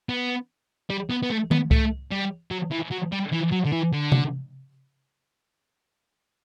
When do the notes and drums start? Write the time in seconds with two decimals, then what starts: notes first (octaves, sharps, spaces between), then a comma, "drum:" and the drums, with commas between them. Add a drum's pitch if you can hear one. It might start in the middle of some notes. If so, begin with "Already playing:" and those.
0.09 B3
0.90 G3
1.10 B3
1.23 B3
1.30 A3
1.51 B3, drum: tom D#3
1.71 A3, drum: kick C2
2.11 G3
2.51 F#3
2.72 E3
2.91 F#3
3.12 G3
3.32 E3
3.52 F#3
3.65 D3
3.73 E3
3.92 D3
4.12 drum: tom C3